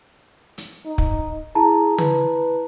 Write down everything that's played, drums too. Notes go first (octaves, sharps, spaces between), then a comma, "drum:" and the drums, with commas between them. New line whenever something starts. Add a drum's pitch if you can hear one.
drum: hi-hat
D#4
drum: kick
E4 G#4 A5 A#5
B4, drum: tom